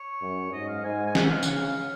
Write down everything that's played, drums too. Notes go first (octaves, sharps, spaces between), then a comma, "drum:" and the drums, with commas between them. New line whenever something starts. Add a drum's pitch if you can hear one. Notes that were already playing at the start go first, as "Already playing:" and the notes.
Already playing: C#5
F#2
G#2 D#5
F5
G#2 G#5
G#5
F#5, drum: snare
F5
C#3 F#5, drum: tambourine
F5